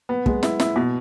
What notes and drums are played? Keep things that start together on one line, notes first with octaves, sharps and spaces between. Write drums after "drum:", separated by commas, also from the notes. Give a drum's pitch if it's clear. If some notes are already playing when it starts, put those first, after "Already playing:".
B3
G#3, drum: kick
E4, drum: snare
E4, drum: snare
B2